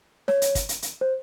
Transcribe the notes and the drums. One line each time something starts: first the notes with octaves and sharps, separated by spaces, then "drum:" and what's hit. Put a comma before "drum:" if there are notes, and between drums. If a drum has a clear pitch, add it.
C#5, drum: snare
drum: hi-hat
drum: kick, hi-hat
drum: hi-hat
drum: hi-hat
C5